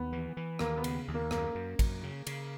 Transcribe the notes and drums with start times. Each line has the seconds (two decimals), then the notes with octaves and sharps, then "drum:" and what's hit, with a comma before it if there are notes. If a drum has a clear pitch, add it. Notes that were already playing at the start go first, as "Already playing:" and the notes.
Already playing: D#2 B3
0.12 E3
0.37 E3
0.59 D#2 A#3, drum: rim click
0.77 B3
0.84 C#3, drum: cymbal
1.08 D#2
1.14 A#3
1.31 F#2 A#3, drum: rim click
1.55 F#2
1.79 F#2, drum: kick A1, cymbal
2.03 C#3
2.27 C#3, drum: cymbal